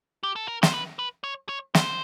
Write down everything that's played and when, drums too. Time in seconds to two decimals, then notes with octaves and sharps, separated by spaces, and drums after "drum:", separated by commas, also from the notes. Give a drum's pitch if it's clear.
0.23 G4
0.36 A4
0.48 A#4
0.63 C5, drum: snare
0.74 B4
0.99 B4
1.24 C#5
1.49 C#5
1.75 C5, drum: snare